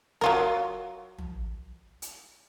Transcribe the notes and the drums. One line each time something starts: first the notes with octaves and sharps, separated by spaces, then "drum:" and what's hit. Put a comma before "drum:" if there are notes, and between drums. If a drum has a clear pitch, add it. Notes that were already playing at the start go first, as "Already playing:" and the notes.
F#3 F4 A#4, drum: snare
drum: tom
drum: hi-hat